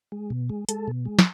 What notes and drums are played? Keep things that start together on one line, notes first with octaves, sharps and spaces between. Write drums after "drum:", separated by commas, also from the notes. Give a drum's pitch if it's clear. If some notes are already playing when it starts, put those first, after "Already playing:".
G#3
B2
G#3
G#3 A4, drum: hi-hat
B2
G#3
drum: snare